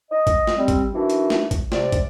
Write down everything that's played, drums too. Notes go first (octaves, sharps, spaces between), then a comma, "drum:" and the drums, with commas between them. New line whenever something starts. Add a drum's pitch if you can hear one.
D#5
drum: kick, hi-hat
drum: snare
G3 C4
drum: kick, hi-hat
F#2 E3 D4 D#4 F#4
drum: hi-hat
drum: snare
drum: kick, hi-hat
C3 D5, drum: snare
drum: kick, hi-hat